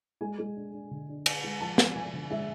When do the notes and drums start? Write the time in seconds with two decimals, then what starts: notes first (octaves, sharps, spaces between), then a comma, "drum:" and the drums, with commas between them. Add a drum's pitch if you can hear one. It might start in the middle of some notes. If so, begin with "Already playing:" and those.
0.21 G#3 G#5
0.39 G#3
0.56 D4
0.73 D4
0.91 D3
1.08 D4
1.26 D4, drum: cymbal
1.43 G#3
1.61 F3 A5
1.78 G#3, drum: snare
1.95 F3 G#5
2.13 D3
2.30 G#3 E5